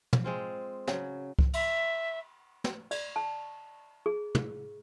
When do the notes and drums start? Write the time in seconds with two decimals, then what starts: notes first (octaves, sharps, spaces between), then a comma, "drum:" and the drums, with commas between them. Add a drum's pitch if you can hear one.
0.13 drum: tom
0.24 G#3 C4 F4
0.87 C#3 F#3, drum: snare
1.39 drum: kick C2
1.53 E5, drum: cymbal
2.64 drum: snare
2.91 D5, drum: cymbal
3.16 A5
4.06 G#4
4.35 drum: tom